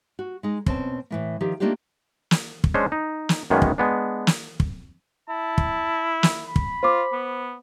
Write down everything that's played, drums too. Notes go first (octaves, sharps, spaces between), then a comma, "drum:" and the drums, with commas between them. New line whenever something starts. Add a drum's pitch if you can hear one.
F#4
G#3 D#4
B2 C4 C#4 A5, drum: kick
A2 E3 A#3
D#3 F3 G4
A3 A#3 D4 D#4 F4 G4
drum: snare
drum: kick
G#3 C#4 D4 C5
D#4
drum: snare
F#2 D#3 G#3 A#3 B3 C#4
drum: kick
G#3 B3 D4
drum: snare
drum: kick
E4 A5
drum: kick
drum: snare
B5
drum: kick
F4 C5 D6
B3